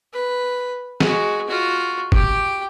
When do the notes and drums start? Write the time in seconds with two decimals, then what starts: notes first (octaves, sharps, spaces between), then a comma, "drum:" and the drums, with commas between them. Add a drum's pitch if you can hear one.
0.13 B4
1.00 G#3 F#4, drum: snare
1.48 F4 F#4
2.12 G4 G5, drum: kick